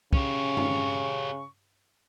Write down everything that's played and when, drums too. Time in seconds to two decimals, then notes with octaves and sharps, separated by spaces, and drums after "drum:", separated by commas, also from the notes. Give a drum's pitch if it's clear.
0.13 C#3 C#4 G4 C#6, drum: kick
0.57 drum: tom